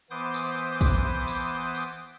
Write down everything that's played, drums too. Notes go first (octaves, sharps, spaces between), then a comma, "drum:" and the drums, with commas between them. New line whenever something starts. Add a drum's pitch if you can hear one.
E3 B3 C5 D6 D#6 G6
drum: tambourine
drum: kick A1, tambourine
drum: tambourine
drum: tambourine